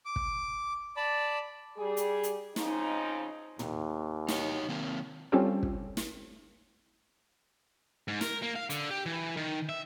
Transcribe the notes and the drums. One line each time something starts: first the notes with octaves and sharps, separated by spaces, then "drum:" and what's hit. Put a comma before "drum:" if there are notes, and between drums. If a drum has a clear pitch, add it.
D6
drum: kick
D5 A5 B5
G3 G#4
drum: hi-hat
drum: hi-hat
C#3 F3 C4 D#4, drum: snare
D#2, drum: tom
D#4 F#4 C#5, drum: snare
D#3 A#3 C4
G3 C4 C#4 F4 G4 A4
drum: kick
drum: snare
G#2
A#4, drum: snare
A#3
F5
D3, drum: hi-hat
G4
E3
D#3
E5